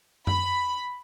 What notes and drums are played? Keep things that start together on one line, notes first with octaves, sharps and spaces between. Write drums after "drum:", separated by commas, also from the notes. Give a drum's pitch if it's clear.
B5, drum: tom F#2